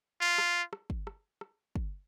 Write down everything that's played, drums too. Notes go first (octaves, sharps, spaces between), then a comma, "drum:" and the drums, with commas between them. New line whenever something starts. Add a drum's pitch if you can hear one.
F4
drum: rim click
drum: rim click
drum: kick
drum: rim click
drum: rim click
drum: kick